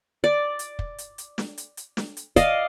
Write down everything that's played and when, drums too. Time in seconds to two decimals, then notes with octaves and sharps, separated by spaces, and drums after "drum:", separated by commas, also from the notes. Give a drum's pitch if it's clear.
0.24 D5
0.59 drum: hi-hat
0.79 drum: kick
0.98 drum: hi-hat
1.18 drum: hi-hat
1.38 drum: snare
1.58 drum: hi-hat
1.77 drum: hi-hat
1.97 drum: snare
2.17 drum: hi-hat
2.36 D5 D#5 F5, drum: kick, hi-hat